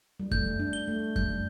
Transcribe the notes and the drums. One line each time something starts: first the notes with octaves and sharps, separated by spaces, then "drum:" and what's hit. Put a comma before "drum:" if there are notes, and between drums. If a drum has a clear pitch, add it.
G3
A3 G6, drum: kick F#2
D4
G7
A3
G3 G6, drum: kick F#2